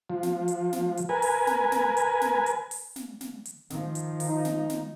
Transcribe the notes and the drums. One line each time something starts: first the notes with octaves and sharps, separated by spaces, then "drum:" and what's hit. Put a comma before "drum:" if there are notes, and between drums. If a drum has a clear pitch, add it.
F3
drum: snare
drum: hi-hat
drum: snare
drum: hi-hat
A#4 B4 G#5
drum: open hi-hat
drum: snare
drum: snare
drum: hi-hat
drum: snare
drum: hi-hat
drum: open hi-hat
drum: snare
drum: snare
drum: hi-hat
D#3 F3, drum: snare
drum: hi-hat
drum: open hi-hat
D#4
drum: snare
drum: snare